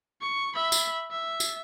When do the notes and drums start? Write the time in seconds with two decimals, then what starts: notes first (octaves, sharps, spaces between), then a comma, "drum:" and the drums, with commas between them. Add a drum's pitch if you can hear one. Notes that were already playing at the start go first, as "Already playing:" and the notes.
0.22 C#6
0.55 E5 B5
0.72 drum: tambourine
1.11 E5
1.40 drum: tambourine